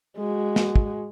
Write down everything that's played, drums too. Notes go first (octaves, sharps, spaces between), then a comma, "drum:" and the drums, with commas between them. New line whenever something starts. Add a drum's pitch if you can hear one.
G#3 F#4
drum: snare
drum: kick